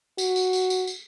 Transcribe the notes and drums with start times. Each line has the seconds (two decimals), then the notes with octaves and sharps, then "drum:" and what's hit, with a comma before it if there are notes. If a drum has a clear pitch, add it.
0.18 F#4, drum: tambourine
0.36 drum: tambourine
0.53 drum: tambourine
0.70 drum: tambourine
0.87 drum: tambourine